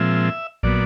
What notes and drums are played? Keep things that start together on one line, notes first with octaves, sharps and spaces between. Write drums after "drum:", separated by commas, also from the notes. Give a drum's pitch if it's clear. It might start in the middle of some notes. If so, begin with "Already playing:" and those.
Already playing: A#2 F3 G#3 C4 E5
A#2 F#3 B3 D5, drum: kick